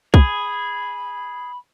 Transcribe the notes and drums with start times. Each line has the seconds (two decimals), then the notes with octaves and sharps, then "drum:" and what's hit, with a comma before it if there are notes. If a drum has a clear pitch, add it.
0.14 G#4 B5, drum: kick